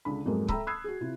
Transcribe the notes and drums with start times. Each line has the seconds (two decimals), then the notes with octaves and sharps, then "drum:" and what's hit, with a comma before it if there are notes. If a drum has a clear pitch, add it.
0.05 C#2 D3 B5
0.25 F2 G#2 F#3 G#3 A#3
0.48 A4 E5 G5 A#5 B5 E6, drum: kick C#1
0.67 B5 D#6 E6 F#6 G#6 C7
0.84 F#4 G#4
1.01 C3 E4 F4